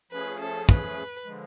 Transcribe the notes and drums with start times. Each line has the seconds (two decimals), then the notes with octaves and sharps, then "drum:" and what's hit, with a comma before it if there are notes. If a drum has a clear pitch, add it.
0.11 F3 A3 C#4 G#4 B4
0.40 A4
0.69 B4, drum: kick
1.25 D3 F3 G#3